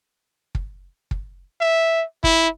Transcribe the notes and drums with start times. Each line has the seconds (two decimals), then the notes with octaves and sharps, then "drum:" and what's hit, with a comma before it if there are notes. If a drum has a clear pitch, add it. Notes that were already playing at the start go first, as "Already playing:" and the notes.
0.55 drum: kick
1.11 drum: kick
1.61 E5
2.24 E4, drum: kick